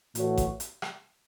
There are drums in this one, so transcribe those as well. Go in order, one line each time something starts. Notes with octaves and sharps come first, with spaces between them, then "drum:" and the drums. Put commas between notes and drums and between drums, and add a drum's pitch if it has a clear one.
A2 E3 A3 F#4 C#5, drum: hi-hat
drum: kick A1, hi-hat
drum: hi-hat
drum: rim click